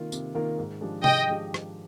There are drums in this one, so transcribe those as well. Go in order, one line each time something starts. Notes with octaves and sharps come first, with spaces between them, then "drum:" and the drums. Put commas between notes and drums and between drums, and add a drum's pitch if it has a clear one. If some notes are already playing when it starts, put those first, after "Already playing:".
Already playing: C3 D#3 A#3 F4 A#4
C3, drum: tambourine
D#3 A#3 F4 A#4
G#2
F3 G#3 D4 G4
G#2 D#5 G5, drum: tom C3
F3 G#3 D4 G4
drum: rim click